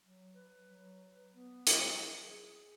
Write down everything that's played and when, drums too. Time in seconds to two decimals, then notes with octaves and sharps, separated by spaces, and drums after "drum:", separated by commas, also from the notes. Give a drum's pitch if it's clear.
0.02 F#3
0.34 B4
0.68 F#3
1.01 B4
1.34 B3
1.66 F#3, drum: hi-hat
1.99 G#4
2.32 G#4